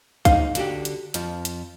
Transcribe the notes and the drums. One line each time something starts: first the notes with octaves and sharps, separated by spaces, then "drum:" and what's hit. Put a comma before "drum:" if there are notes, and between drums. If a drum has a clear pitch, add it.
D#4 C5 F5, drum: kick, hi-hat
D3 F#4 G4, drum: hi-hat
drum: hi-hat
F2 F3, drum: hi-hat
drum: hi-hat